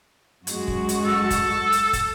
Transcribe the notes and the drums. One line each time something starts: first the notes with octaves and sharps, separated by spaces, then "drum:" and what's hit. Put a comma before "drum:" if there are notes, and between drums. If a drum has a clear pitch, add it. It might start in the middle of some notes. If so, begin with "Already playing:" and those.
F#2 G#3 F#4, drum: hi-hat
drum: kick
drum: hi-hat
A4
drum: kick, hi-hat
drum: hi-hat
drum: kick, hi-hat